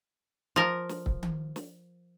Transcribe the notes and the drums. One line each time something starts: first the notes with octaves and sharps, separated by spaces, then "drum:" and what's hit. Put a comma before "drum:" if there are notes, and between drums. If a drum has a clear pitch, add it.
F3 A#4
drum: snare
drum: kick
drum: tom D#3
drum: snare